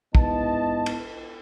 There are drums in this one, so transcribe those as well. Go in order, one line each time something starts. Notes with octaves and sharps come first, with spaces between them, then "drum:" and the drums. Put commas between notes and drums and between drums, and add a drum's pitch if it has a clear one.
G#2 B3 E4 D#5 A5, drum: kick
drum: cymbal